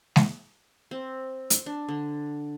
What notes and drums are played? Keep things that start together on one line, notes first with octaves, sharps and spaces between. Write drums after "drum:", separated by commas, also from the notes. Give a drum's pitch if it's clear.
drum: snare G#3
C4
drum: hi-hat
D4
D3